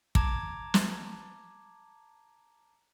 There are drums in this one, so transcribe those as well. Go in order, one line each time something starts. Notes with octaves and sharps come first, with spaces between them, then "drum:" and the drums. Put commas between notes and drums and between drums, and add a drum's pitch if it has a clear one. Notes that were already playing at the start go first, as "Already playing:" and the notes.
A5 A#5 D6 G#6, drum: kick
drum: snare